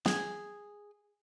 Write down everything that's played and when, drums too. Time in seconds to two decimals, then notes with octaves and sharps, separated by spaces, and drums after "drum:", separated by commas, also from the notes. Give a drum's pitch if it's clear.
0.06 G#4, drum: snare